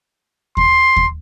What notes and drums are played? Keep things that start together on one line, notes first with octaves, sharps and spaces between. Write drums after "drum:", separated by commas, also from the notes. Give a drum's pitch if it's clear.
C6, drum: kick D#2
drum: kick D#2